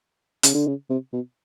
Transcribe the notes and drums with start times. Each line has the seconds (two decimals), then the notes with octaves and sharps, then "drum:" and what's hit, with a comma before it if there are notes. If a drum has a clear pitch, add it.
0.43 C#3, drum: hi-hat
0.55 D3
0.67 C#3
0.90 C3
1.13 B2